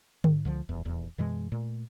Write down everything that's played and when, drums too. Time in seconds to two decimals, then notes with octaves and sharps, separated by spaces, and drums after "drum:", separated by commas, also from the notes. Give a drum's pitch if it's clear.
0.24 G#2, drum: tom D3
0.45 C#2 D3 F3
0.69 D#1 E2
0.85 D#1 E2
1.18 F#2 B2 E3 G#3
1.52 A#2 A3